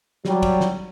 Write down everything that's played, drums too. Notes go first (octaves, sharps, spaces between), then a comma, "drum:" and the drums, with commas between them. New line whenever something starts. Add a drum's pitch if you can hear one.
F#3 G3, drum: snare
drum: kick A1, cymbal
drum: snare